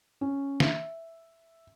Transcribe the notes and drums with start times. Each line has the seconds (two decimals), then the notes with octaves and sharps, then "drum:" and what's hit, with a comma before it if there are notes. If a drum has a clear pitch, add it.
0.21 C#4
0.60 E5, drum: snare